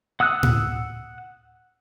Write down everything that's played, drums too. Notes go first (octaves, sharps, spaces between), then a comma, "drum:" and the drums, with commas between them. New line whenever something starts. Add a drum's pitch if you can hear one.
F#5 D#6 E6 F#6
drum: tom A2